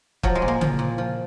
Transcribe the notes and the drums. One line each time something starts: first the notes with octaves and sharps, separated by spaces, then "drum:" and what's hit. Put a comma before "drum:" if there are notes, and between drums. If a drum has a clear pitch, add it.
F3 F#3, drum: kick
G#3
A#2
A#3
F3, drum: tom C#3
A#2
F3